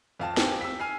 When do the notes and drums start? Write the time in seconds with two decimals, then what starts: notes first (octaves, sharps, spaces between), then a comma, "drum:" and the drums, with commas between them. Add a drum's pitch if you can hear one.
0.19 F2 F5 A5
0.37 C4 G4 G5 G#5, drum: snare
0.61 E6 B6
0.80 G#5 F6 C7